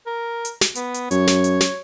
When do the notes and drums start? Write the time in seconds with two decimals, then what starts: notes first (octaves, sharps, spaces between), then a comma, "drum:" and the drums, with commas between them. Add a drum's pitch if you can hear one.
0.06 A#4
0.45 drum: hi-hat
0.61 drum: snare
0.75 B3, drum: hi-hat
0.94 drum: hi-hat
1.11 F#2 C#5, drum: hi-hat
1.27 drum: snare
1.44 drum: hi-hat
1.61 drum: snare